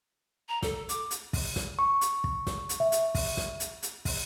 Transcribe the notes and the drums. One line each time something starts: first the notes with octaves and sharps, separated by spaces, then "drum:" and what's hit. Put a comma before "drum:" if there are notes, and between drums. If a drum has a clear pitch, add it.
A#5
A4, drum: snare
D6, drum: hi-hat
drum: hi-hat
drum: kick, open hi-hat
drum: snare
C#6
drum: hi-hat
drum: kick
drum: snare
drum: hi-hat
E5
drum: hi-hat
drum: kick, open hi-hat
drum: snare
drum: hi-hat
drum: hi-hat
drum: kick, open hi-hat